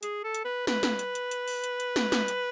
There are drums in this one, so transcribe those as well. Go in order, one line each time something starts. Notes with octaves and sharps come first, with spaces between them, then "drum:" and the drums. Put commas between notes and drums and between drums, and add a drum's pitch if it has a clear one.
G#4, drum: hi-hat
A4
drum: hi-hat
B4
B4, drum: snare
drum: snare
drum: hi-hat
drum: hi-hat
drum: hi-hat
drum: open hi-hat
drum: hi-hat
drum: hi-hat
drum: snare
drum: snare
drum: hi-hat